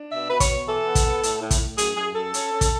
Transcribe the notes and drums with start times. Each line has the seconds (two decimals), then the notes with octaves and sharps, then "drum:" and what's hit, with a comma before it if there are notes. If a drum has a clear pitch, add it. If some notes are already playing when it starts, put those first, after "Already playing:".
Already playing: D4
0.12 B2 E5
0.30 B2 B4
0.40 C#5, drum: kick, hi-hat
0.49 B2
0.67 E3 A4
0.85 B3
0.95 drum: kick, hi-hat
1.05 B3
1.23 A2, drum: hi-hat
1.41 A2
1.51 drum: kick, hi-hat
1.60 A2
1.78 F#2 G#4, drum: hi-hat
1.96 F#2 G#4
2.14 F#2 A4
2.34 C#4, drum: hi-hat
2.52 C#4
2.61 drum: kick, hi-hat